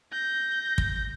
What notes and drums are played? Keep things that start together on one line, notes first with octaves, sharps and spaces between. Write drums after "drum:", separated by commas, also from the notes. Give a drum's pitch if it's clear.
G6 A#6
drum: kick